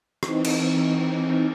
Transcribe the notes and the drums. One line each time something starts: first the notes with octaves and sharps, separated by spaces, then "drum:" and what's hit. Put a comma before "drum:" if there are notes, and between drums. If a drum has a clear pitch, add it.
E3 C4 D#4, drum: rim click
drum: cymbal